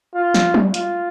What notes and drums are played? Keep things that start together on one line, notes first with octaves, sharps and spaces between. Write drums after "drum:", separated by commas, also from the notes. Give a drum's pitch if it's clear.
F4
drum: snare
drum: tom F#3
F4, drum: hi-hat